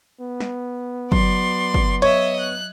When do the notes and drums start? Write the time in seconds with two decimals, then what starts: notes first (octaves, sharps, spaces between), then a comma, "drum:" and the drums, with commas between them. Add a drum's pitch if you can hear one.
0.20 B3
0.40 drum: snare
1.12 F#3 D5 C6, drum: kick
1.74 drum: kick
2.02 C#5 D#5 E5, drum: cymbal
2.39 F#6